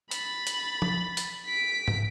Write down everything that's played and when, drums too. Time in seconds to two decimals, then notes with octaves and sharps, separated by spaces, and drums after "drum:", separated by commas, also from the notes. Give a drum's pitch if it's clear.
0.11 B5 A6, drum: hi-hat
0.47 drum: hi-hat
0.82 drum: tom
1.17 drum: hi-hat
1.46 B6 D7
1.88 drum: tom